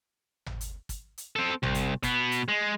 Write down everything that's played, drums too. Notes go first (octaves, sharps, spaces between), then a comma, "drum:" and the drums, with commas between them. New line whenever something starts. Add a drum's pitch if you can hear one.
drum: tom G#1
drum: hi-hat
drum: kick, hi-hat
drum: hi-hat
C4 A4
C2, drum: tom G#1
drum: hi-hat
B2 B3, drum: kick, hi-hat
drum: hi-hat
G#3